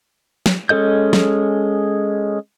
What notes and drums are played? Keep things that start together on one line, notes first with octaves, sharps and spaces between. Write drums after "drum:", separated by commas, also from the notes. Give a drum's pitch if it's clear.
drum: snare
G#3 C#4 A4 D#5 G6
drum: snare